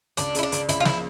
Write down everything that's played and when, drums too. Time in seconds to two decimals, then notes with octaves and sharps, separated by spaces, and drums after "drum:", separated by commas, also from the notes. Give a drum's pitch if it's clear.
0.17 C#2 D4, drum: hi-hat
0.35 C#3 E4, drum: hi-hat
0.43 D4
0.52 C#2, drum: hi-hat
0.69 C#2 E4, drum: hi-hat
0.80 F4
0.85 F3 E4, drum: snare